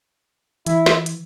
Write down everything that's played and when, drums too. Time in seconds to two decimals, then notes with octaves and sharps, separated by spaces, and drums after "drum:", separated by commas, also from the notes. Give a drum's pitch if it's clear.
0.67 E3 E4, drum: hi-hat
0.86 drum: snare
1.06 drum: hi-hat